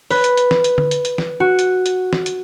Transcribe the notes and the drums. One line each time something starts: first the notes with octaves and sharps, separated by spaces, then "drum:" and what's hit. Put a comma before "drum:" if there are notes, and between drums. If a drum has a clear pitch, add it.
B4, drum: open hi-hat
drum: hi-hat
drum: hi-hat
drum: snare
drum: hi-hat
drum: tom D3
drum: hi-hat
drum: hi-hat
drum: snare
F#4
drum: hi-hat
drum: hi-hat
drum: snare
drum: hi-hat